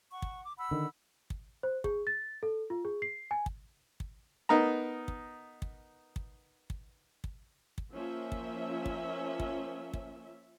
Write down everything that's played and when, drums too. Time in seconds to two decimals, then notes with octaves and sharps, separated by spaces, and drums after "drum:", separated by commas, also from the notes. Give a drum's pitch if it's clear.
0.11 F#5 C#6
0.22 drum: kick
0.45 D6
0.58 F#5 B5 E6
0.71 D3 D#3
1.30 drum: kick
1.63 C5
1.84 G#4, drum: kick
2.07 A6
2.43 A4
2.70 F4
2.85 G#4
3.02 C7
3.31 G#5
3.46 drum: kick
4.00 drum: kick
4.49 B3 D#4 A#4 A#5
5.08 drum: kick
5.62 drum: kick
6.16 drum: kick
6.70 drum: kick
7.24 drum: kick
7.78 drum: kick
7.92 F3 A#3 C#4 E5
8.32 drum: kick
8.86 drum: kick
9.40 drum: kick
9.94 drum: kick